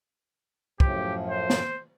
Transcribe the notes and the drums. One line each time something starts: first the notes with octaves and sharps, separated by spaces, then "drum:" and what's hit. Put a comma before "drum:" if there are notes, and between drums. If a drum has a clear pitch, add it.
F#2 A2 F3 G4, drum: kick
C5
drum: snare